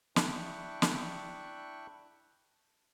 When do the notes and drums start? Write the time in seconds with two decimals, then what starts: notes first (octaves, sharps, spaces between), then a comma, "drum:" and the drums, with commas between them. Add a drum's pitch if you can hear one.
0.16 D4 E4 E5 G5 C#6 F#6, drum: snare
0.82 drum: snare